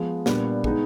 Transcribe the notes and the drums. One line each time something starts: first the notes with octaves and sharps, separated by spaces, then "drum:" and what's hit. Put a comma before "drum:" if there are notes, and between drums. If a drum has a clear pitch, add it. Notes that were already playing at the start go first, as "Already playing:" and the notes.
Already playing: F3 G#3 B3
A#2 G3 B3 D4, drum: snare
G#3 B3 D#4, drum: kick